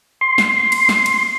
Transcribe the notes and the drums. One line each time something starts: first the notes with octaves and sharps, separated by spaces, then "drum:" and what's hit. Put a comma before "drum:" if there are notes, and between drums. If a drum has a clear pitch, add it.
C6
drum: snare
drum: cymbal
drum: snare
drum: cymbal